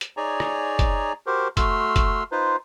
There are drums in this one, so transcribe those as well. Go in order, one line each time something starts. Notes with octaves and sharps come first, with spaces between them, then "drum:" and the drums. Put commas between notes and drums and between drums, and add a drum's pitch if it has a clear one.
drum: hi-hat
D#4 G#4 C#5 D5 G#5 A#5
drum: rim click
drum: kick, hi-hat
F#4 G4 A#4 C5
A3 F#4 C6 E6 F6, drum: kick, hi-hat
drum: kick, hi-hat
D#4 F4 B4 C5